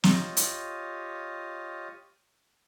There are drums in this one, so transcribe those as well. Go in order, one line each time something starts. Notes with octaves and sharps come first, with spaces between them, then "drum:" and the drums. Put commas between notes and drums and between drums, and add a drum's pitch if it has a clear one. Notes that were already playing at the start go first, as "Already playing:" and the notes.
F4 G4 C#5 D#5, drum: snare
drum: hi-hat